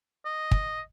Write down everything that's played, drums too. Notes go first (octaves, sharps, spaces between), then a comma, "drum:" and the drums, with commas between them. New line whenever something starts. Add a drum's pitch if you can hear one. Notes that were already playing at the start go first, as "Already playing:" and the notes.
D#5
drum: kick